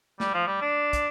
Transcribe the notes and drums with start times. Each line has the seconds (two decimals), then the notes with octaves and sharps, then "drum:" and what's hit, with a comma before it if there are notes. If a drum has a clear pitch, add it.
0.20 G3, drum: snare
0.34 F3
0.47 G3
0.62 D4
0.93 drum: kick, hi-hat